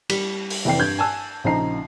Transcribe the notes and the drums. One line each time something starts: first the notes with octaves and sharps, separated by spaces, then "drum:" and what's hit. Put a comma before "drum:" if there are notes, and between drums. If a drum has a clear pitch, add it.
G3 B6, drum: cymbal
drum: open hi-hat
F1 E3 G5 C7
G2 G6 G#6
G#5 A5 E6 F#6
A#1 C#3 F3 D#4 A#5 C7